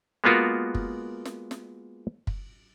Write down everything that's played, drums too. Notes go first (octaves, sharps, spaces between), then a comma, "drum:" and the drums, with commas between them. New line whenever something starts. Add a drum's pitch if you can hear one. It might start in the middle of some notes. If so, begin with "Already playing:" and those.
G#3 A#3 B3 F4 F#4 A#4
drum: kick
drum: snare
drum: snare
drum: kick